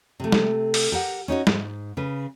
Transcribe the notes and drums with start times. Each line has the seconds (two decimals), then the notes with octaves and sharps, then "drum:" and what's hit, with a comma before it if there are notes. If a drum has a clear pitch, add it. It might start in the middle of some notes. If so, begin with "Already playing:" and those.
0.20 C3 A3
0.32 drum: snare G#3
0.74 drum: open hi-hat
0.92 G4 A#4 F#5
1.28 C#4 D#4 F#4 C#5
1.47 G#2, drum: snare G#3
1.97 C#3 B4